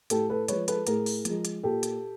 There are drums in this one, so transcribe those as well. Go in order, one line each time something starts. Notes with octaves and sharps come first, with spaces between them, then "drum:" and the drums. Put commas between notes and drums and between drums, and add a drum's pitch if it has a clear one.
A2 G4 A4, drum: hi-hat
A4 B4
F3 G#3 B4 C#5, drum: hi-hat
A4 B4, drum: hi-hat
A2 G#4 A#4, drum: hi-hat
drum: open hi-hat
F3 G#3, drum: hi-hat
drum: hi-hat
A#2 G4 A4
drum: hi-hat